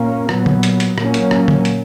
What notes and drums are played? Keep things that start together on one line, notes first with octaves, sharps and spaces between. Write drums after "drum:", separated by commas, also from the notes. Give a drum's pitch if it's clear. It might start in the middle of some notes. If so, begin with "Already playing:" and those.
Already playing: A#2 A#3 C#4
A#2 F#3 B3, drum: rim click
drum: tom
drum: hi-hat
drum: hi-hat
A#2 F#3 A#3 C#4, drum: rim click
drum: hi-hat
drum: rim click
drum: tom
drum: hi-hat